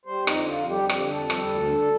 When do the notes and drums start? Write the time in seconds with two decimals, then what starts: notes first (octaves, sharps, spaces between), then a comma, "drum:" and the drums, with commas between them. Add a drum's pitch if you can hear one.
0.05 G3 C5
0.22 F2
0.27 D#4, drum: rim click
0.37 D3
0.47 F4
0.52 F2
0.68 G3 G4
0.83 F2
0.89 G4, drum: rim click
0.99 D3
1.10 F2 A4
1.30 G3, drum: rim click
1.46 D2
1.62 D3